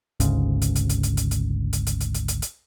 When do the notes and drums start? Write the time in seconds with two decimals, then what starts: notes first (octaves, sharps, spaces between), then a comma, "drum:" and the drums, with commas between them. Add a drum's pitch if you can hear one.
0.20 G#1 D2 G#2 C#3, drum: hi-hat
0.62 drum: hi-hat
0.75 drum: hi-hat
0.89 drum: hi-hat
1.03 drum: hi-hat
1.17 drum: hi-hat
1.31 drum: hi-hat
1.73 drum: hi-hat
1.87 drum: hi-hat
2.00 drum: hi-hat
2.14 drum: hi-hat
2.28 drum: hi-hat
2.42 drum: hi-hat